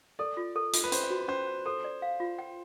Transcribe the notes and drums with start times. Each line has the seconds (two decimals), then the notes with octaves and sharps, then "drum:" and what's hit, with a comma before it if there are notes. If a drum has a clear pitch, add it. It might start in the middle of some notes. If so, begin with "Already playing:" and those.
0.19 A4 D5
0.37 F4
0.56 A4
0.73 F4, drum: hi-hat
0.84 B4
0.92 C#4 C5, drum: hi-hat
1.10 F#4
1.28 C#4 C5
1.47 C#4
1.66 A4 C5
1.84 D5
2.02 F5
2.20 F4
2.38 G5